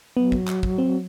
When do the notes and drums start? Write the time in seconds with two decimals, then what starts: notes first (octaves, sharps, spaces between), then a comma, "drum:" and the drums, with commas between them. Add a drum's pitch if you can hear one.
0.17 F#3 B3
0.32 drum: kick
0.48 drum: clap
0.63 drum: kick
0.78 C4